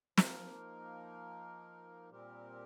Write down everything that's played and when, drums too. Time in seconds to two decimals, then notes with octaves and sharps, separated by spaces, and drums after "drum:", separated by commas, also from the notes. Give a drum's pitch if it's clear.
0.18 F3 A#3 D#4 A#4, drum: snare
2.09 A#2 G3 C4 G4 A#4